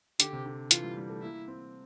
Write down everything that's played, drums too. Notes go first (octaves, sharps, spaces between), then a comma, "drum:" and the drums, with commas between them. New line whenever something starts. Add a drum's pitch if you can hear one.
D3 G4, drum: hi-hat
C3
D3
E3 F4, drum: hi-hat
G3
G3
A3
A#3 E4
C4